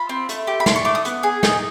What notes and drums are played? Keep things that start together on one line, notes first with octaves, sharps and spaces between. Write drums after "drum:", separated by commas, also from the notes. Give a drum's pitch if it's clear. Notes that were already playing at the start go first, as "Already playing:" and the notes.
Already playing: F4 B5
C4
A3, drum: hi-hat
G4
B5
D4 C6, drum: snare
C#6
A3 D6
D#6
B3, drum: hi-hat
G#4
D#4, drum: snare